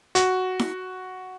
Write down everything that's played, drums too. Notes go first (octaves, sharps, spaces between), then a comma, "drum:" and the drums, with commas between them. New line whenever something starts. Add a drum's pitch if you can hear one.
F#4, drum: hi-hat
drum: snare E4